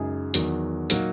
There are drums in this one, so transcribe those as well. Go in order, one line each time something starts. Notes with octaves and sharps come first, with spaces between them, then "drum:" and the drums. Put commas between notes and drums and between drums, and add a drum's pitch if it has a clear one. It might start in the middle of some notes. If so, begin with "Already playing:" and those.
Already playing: F#2 C#3 G#3 D#4 G#4
E2 D#3 F#3, drum: hi-hat
A#2 F#3 A#3 D#4 F#4, drum: hi-hat